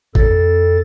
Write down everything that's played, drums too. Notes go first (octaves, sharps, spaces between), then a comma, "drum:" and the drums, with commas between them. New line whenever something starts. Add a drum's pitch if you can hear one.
F2 A4 A6, drum: kick